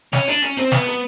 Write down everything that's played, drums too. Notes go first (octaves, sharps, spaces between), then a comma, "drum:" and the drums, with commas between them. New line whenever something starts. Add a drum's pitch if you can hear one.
C#4, drum: snare
D4, drum: hi-hat
C#4, drum: hi-hat
C4, drum: hi-hat
B3, drum: snare
drum: hi-hat